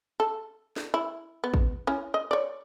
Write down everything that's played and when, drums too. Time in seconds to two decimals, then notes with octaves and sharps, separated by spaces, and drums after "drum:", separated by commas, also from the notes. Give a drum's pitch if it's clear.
0.20 A4
0.76 drum: snare
0.94 E4
1.44 B3
1.54 drum: kick A1
1.87 C#4 E4
2.14 D#5
2.31 C#5 D5